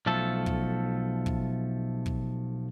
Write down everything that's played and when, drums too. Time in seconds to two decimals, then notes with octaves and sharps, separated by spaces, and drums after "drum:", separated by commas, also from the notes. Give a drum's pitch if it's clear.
0.06 B1 F3 A3 A4
0.46 drum: kick
1.26 drum: kick
2.06 drum: kick